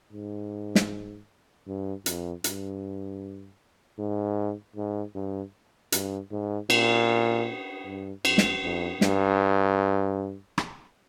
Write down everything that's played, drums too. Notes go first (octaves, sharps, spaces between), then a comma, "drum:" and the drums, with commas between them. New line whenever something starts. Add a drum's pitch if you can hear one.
G#2
drum: snare
G2
F2, drum: hi-hat
G2, drum: hi-hat
G#2
G#2
G2
G2, drum: hi-hat
G#2
A#2, drum: cymbal
G2
F2, drum: cymbal
drum: snare
F2
G2, drum: snare
drum: rim click